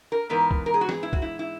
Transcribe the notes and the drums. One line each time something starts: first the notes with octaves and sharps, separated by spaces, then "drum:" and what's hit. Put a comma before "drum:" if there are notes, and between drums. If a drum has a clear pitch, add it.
A#4
G#2 E3 B3 A#4
drum: kick C2
A#4
G#4
F#4
G#4, drum: snare C4
E4
F#4, drum: kick C2
E4
E4